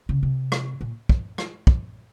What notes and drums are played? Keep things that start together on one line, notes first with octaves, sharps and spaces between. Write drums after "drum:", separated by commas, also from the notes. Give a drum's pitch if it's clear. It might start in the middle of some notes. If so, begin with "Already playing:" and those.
C#3
C3
drum: rim click
A#2
drum: kick
drum: rim click
drum: kick